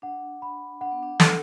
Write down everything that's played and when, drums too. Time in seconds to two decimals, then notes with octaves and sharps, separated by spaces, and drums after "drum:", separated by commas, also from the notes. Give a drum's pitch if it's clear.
0.02 D4 F#5
0.42 B5
0.81 D4 F#5
0.92 B3
1.03 D4
1.20 A4, drum: snare